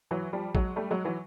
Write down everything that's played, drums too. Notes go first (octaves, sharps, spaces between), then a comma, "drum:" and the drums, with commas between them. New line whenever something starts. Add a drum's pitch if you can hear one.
E3 F#3
F3 G3
F#3 G#3, drum: kick A1
G3 A3
F#3 G#3
E3 F#3